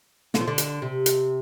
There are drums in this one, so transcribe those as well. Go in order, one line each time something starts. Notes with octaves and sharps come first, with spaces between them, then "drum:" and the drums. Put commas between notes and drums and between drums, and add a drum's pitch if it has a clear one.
D3, drum: snare
F3
D3
drum: hi-hat
C3
drum: hi-hat